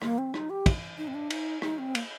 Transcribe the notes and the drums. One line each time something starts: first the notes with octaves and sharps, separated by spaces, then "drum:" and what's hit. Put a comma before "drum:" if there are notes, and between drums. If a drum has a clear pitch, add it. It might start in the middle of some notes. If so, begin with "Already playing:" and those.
A#3, drum: rim click
C4
D#4, drum: rim click
G4
drum: kick, cymbal
D#4
C4
D4
D#4, drum: cymbal
D#4, drum: rim click
C4
A#3, drum: cymbal